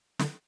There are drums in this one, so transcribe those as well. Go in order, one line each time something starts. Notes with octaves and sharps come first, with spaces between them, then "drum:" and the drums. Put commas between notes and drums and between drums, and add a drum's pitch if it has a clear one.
D3, drum: snare